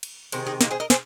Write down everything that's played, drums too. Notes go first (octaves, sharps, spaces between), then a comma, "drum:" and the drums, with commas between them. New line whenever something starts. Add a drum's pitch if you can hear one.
drum: cymbal
C3 D#3 G#3 C5, drum: cymbal
D#4 G#4
A#3 D#4, drum: snare
G#4 C5
A#4 D#5
G#4 C5, drum: snare